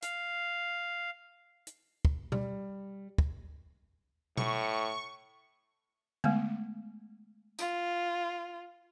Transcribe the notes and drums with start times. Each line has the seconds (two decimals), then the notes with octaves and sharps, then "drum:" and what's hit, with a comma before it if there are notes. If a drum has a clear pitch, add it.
0.02 F5, drum: hi-hat
1.67 drum: hi-hat
2.05 drum: kick
2.32 G3, drum: tom B2
3.18 drum: kick
4.37 A2 C#6, drum: tom B2
6.24 G#3 A3 B3, drum: tom D3
7.59 F4, drum: tambourine